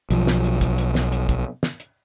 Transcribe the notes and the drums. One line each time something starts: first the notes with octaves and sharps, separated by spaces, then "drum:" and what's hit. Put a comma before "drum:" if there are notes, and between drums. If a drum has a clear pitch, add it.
B1 F3, drum: hi-hat
drum: snare
drum: hi-hat
drum: kick, hi-hat
drum: hi-hat
drum: snare
drum: hi-hat
drum: kick, hi-hat
drum: snare
drum: hi-hat